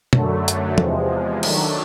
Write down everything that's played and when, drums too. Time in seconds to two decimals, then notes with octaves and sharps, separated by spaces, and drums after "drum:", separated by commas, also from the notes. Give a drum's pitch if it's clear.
0.13 F#2 D3 F#3 A3, drum: tom B2
0.48 drum: hi-hat
0.78 E2 C3 F3 G#3, drum: tom
1.43 D#3 F#3 A3 D4, drum: cymbal